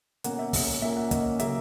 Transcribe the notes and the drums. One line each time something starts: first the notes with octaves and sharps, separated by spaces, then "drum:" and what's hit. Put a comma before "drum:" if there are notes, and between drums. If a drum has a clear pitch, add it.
B2 A#3 C#4 F#5, drum: hi-hat
E5
B2 A#3 C#4, drum: kick, open hi-hat
A#2 A#3 C#4 E5
F#5
A#2 A#3 C#4 D#5, drum: kick, hi-hat
C#3 F#3 A#3 E5, drum: hi-hat